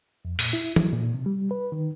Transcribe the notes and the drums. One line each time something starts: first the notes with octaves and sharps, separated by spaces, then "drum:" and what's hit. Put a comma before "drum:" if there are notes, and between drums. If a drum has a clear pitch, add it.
F2
A#2, drum: open hi-hat
E4
F#3, drum: tom E3
A#2
C3
G3
B4
D#3